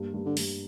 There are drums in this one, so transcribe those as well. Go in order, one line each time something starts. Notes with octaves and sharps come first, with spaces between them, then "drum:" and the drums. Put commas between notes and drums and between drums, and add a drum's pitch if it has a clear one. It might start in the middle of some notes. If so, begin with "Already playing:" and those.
Already playing: G2 A#3
G2
D3
G2, drum: open hi-hat